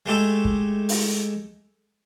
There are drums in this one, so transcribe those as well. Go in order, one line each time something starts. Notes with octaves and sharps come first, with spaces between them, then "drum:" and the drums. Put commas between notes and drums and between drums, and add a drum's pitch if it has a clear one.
G#3 A3 G4 A4
drum: kick
drum: open hi-hat